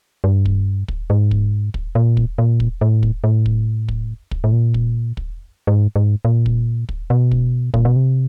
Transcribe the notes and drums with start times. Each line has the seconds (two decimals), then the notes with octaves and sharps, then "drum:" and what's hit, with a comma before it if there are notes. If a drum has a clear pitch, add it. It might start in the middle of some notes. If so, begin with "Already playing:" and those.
0.24 G2
0.46 drum: kick
0.88 drum: kick
1.10 G#2
1.31 drum: kick
1.74 drum: kick
1.95 A#2
2.17 drum: kick
2.38 A#2
2.60 drum: kick
2.81 A2
3.03 drum: kick
3.24 A2
3.46 drum: kick
3.89 drum: kick
4.31 drum: kick
4.44 A2
4.53 A#2
4.74 drum: kick
5.17 drum: kick
5.67 G#2
5.96 G#2
6.25 A#2
6.46 drum: kick
6.89 drum: kick
7.10 B2
7.32 drum: kick
7.74 A#2, drum: kick
7.85 B2
7.96 C3